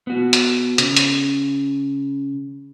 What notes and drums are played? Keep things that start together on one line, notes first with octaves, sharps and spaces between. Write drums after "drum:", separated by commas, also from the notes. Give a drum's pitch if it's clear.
B3 F#4
drum: hi-hat
C#3, drum: hi-hat
drum: hi-hat